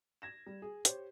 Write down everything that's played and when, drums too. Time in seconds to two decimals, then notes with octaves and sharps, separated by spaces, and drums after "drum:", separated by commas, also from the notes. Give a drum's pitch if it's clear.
0.22 G#6 A#6 E7
0.47 G3
0.62 G#4
0.85 G4 C5 C#5, drum: hi-hat